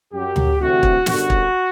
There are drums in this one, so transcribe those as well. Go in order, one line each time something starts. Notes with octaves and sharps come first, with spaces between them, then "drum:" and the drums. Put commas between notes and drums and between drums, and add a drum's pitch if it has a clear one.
F#2 F#3 G4
drum: tom D2
D2 C3 E3 F#4
drum: kick
G1 F#2 D3 F#4, drum: snare
drum: kick